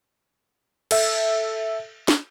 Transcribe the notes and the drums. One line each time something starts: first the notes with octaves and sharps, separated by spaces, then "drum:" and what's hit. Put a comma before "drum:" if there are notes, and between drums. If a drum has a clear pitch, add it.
A4 E5, drum: cymbal
drum: snare